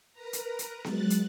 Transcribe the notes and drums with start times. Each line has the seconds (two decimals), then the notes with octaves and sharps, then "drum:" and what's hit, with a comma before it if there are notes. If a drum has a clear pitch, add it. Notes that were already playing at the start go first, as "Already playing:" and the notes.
0.12 A#4 B4 A#5
0.33 drum: hi-hat
0.59 drum: hi-hat
0.84 F#3 G#3 F#6 A6, drum: snare B3
1.10 drum: hi-hat